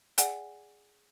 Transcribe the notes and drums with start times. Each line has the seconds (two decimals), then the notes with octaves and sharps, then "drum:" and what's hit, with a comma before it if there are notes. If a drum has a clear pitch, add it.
0.18 G#4 D5 F#5 G#5, drum: hi-hat